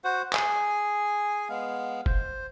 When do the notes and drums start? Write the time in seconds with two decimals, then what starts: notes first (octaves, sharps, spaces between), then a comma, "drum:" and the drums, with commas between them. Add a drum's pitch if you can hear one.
0.04 F#4 C5 F#5
0.33 G#4 G#5, drum: clap
1.49 G#3 B3 F5
2.06 C5, drum: kick F#1